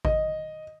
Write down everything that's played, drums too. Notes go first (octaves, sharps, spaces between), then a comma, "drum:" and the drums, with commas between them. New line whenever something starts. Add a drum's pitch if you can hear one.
D#5, drum: kick G#1